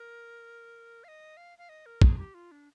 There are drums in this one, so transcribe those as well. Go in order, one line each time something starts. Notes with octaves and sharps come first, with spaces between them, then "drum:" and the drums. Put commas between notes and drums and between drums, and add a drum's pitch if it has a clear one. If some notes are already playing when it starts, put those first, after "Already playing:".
Already playing: A#4
F5
D#5
F5
F5
D#5
A#4
G#4, drum: kick
G4
F4
D4